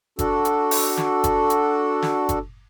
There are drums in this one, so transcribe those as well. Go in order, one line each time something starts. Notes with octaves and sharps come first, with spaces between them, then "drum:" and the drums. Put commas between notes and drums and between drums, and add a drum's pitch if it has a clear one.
D4 F#4 A4, drum: kick F#1, hi-hat
drum: hi-hat
drum: open hi-hat
drum: snare
drum: kick F#1, hi-hat
drum: hi-hat
drum: snare
drum: kick F#1, hi-hat